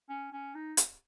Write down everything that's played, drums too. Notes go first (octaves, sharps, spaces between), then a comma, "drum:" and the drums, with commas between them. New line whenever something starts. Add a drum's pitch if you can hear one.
C#4
C#4
D#4
drum: hi-hat